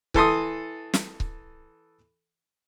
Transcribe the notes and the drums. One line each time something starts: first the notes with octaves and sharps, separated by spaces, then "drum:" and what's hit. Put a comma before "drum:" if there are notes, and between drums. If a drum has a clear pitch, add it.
E3 A4 C6 D#6, drum: kick C#1
drum: snare
drum: kick C#1